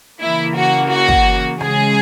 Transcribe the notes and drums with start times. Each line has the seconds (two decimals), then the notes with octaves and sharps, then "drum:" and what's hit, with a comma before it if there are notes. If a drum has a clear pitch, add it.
0.21 C#3 E3 A#3 E4
0.56 F#4
0.91 F#4
1.08 drum: kick
1.61 C#3 G#3 G#4, drum: rim click